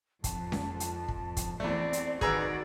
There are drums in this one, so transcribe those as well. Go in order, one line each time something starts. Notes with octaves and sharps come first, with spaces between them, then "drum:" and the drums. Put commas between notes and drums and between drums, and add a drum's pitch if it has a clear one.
F2 A5, drum: kick, hi-hat
drum: snare C#4
drum: hi-hat
drum: kick
drum: kick, hi-hat
E2 A3 C4 D5
drum: hi-hat
D#3 F#4 G#4 B4 D5 A#5 E6, drum: kick